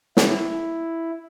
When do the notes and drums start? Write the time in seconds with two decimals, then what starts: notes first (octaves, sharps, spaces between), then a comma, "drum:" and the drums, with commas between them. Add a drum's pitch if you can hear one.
0.17 E4, drum: snare